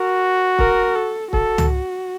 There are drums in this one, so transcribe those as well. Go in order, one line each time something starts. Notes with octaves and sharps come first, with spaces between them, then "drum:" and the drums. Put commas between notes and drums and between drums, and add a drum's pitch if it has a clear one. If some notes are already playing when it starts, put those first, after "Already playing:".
Already playing: F#4 A#4
A#4, drum: kick
A4
F#4 A4, drum: kick
drum: tom